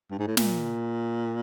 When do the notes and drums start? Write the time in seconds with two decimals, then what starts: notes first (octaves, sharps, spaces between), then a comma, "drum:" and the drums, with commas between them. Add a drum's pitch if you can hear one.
0.11 G2
0.19 G#2
0.27 A2
0.37 A#2, drum: snare